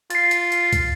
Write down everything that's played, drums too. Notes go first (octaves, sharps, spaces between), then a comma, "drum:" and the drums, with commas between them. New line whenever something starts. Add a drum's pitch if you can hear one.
F4 A6 C7, drum: hi-hat
drum: hi-hat
drum: hi-hat
drum: kick, hi-hat